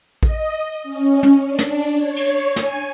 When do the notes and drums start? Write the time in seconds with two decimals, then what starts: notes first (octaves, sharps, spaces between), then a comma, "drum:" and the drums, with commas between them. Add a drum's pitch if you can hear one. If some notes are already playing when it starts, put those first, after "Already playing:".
0.23 D#5, drum: kick A1
0.83 C#4
1.23 drum: tom
1.46 D4
1.59 drum: snare
1.97 C#5
2.16 drum: cymbal
2.56 G#5, drum: snare